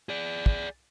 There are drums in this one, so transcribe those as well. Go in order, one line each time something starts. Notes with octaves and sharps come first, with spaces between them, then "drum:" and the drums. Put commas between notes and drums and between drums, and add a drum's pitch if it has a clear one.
G#4 D5
drum: kick